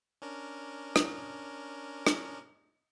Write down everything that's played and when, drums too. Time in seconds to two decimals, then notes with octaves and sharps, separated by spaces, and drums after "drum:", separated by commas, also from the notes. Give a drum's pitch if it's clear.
0.22 C#4 D4 A#4
0.96 drum: rim click
2.07 drum: rim click